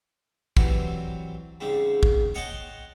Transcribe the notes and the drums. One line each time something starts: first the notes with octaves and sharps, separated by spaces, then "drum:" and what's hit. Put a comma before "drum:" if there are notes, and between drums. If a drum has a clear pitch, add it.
E3 F#3 G3 C4 F#4, drum: kick
G#2 C#3 G3 C4
drum: kick
C#5 D#5 F#5 G5 A5 C6